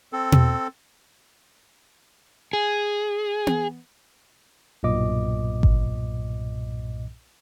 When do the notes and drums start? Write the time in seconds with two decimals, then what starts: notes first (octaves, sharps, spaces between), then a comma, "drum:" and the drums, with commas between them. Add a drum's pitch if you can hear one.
0.13 C4 A4
0.32 drum: tom B2
2.53 G#4
3.47 drum: tom B3
4.83 B1 G2 A#2 D#5 D6
5.63 drum: kick G#1